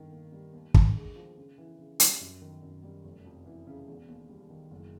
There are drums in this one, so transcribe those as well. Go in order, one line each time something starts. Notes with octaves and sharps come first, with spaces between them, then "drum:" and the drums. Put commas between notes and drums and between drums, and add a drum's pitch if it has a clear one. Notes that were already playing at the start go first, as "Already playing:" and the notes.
Already playing: G2 D#3
A#3
G3
D#2
D3, drum: kick
G#3
F3
C#3
E3
C#3
G3, drum: hi-hat
F#2
D#3
F#2
G3
F1
F2
E3
C#3
E1
D#2
G3
D#3
F#1